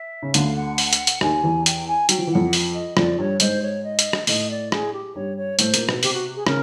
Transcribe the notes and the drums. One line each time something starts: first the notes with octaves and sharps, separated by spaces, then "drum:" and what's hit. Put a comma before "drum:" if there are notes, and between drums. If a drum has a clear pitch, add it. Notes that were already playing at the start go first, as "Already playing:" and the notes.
Already playing: E5
C#3
D2 D3 F5, drum: hi-hat
F#5
drum: open hi-hat
drum: hi-hat
drum: hi-hat
D#2 D#3 G#5, drum: rim click
E2 E3
G5, drum: hi-hat
G#5
F#3 G5, drum: hi-hat
F3
E3
F2 F3 F#5
drum: open hi-hat
D#5
F2 F3 D5, drum: rim click
G2 G3 C#5
G#2 G#3 C5, drum: hi-hat
C#5
D#5
drum: hi-hat
drum: rim click
A2 A3 D#5, drum: open hi-hat
D5
G#4, drum: rim click
G4
G2 G3 C#5
C#5
A2 A3 C5, drum: hi-hat
A#2 A#3, drum: hi-hat
B2 B3, drum: rim click
C3 C4 G4, drum: open hi-hat
F#4
G#4
C#3 C#4 A#4, drum: rim click